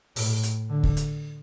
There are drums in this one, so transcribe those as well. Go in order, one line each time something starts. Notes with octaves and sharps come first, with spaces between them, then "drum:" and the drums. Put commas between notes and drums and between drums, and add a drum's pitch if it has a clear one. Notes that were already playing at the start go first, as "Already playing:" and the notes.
A2, drum: open hi-hat
drum: hi-hat
D3
drum: kick
drum: hi-hat